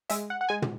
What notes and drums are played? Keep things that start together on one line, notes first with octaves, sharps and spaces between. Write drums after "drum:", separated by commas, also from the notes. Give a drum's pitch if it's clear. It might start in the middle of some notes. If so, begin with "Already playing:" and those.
G#3 E5, drum: hi-hat
F#5
F#5
G#3 G#5
drum: tom